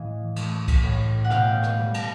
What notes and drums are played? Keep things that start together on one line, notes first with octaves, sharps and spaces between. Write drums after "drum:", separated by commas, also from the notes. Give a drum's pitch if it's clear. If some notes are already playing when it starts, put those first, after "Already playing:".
Already playing: A2 E3 D#5 F5
A3, drum: cymbal
drum: kick B1, cymbal
A2
F#5
B2 F5 G5, drum: rim click
drum: rim click
G3
drum: cymbal